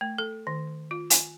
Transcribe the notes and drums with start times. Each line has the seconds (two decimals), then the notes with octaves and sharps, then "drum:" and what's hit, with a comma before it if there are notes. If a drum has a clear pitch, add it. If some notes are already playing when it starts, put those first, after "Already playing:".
0.01 A3
0.18 A4
0.47 D#3
0.91 F4
1.10 G#5, drum: hi-hat